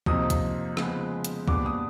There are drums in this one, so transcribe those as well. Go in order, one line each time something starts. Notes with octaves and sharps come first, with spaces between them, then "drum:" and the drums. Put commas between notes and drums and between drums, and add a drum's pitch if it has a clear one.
F2 C3 F3 A#3 D#4 D#6, drum: kick
drum: kick, hi-hat
C#3 F3 G#3 B3, drum: rim click
drum: hi-hat
A#2 G3 B3 D4 D6, drum: kick
D#6